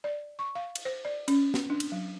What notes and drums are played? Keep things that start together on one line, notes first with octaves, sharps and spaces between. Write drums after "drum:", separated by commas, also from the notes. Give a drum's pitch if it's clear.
D5
C#6
F5
drum: cymbal
C5
D5
C#4, drum: cymbal
drum: snare
D4
drum: cymbal
F#3